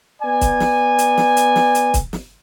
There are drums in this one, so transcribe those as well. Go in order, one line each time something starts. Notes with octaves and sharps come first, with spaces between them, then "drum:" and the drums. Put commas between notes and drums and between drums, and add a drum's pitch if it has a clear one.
B3 D5 G#5
drum: kick, hi-hat
drum: snare
drum: hi-hat
drum: snare
drum: hi-hat
drum: snare
drum: hi-hat
drum: kick, hi-hat
drum: snare